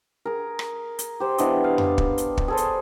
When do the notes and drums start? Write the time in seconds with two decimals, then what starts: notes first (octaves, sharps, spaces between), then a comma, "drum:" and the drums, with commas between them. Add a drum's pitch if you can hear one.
0.25 G#4 A#4
0.59 drum: rim click
0.99 drum: hi-hat
1.20 G4 C5
1.38 E3 B3 D4 D#5, drum: hi-hat
1.64 F5
1.78 drum: tom F2
1.98 drum: kick
2.18 drum: hi-hat
2.37 drum: kick
2.48 G#4 A4 C5
2.57 drum: hi-hat